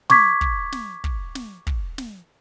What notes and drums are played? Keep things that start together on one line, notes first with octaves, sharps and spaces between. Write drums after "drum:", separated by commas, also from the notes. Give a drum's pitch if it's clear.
C#6 D6 G#6 B6, drum: snare
drum: kick
drum: snare
drum: kick
drum: snare
drum: kick
drum: snare